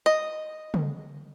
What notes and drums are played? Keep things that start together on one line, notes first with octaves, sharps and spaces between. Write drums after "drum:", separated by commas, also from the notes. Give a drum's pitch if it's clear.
D#5
drum: tom C#3